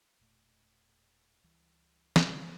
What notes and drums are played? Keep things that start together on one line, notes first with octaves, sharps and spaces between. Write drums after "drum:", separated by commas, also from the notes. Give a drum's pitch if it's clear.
E1 A#2 A3
C#2 E3 G3
drum: snare